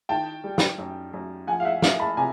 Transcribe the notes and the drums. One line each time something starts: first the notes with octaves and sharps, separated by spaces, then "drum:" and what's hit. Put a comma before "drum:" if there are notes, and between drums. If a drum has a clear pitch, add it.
D#3 G5 A5
G3
drum: snare
F#2
F#2
F3 F#5 G#5
F5
E5 F#5
A#3 D#5 F5, drum: snare
A5 B5
C3 G#5 A#5